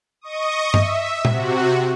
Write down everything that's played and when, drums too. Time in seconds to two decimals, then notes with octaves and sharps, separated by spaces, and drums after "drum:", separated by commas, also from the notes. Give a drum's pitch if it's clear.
0.21 D#5 C#6 D#6
0.74 E5, drum: tom G2
1.25 C3 F#4, drum: tom A#2